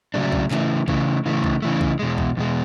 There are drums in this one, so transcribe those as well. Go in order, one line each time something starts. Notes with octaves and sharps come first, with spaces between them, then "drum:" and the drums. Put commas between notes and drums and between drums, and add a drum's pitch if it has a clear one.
C#3 F#3 A3 D4
drum: kick B1
C#3 E3 A3, drum: clap
C#3 E3 A3, drum: kick B1
C#3 E3 A3
drum: kick B1
C#3 E3 A3
drum: kick B1
E2 B2 G#3
drum: kick B1
E2 B2 G#3